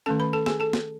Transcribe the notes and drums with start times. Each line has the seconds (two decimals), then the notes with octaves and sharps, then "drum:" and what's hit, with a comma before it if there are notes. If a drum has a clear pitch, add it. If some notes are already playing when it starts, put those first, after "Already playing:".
0.06 D#3 A3 C#4 A4 A5
0.20 B4 B5
0.33 A4 A5
0.46 G#4 G#5, drum: snare
0.60 A4 A5
0.73 drum: snare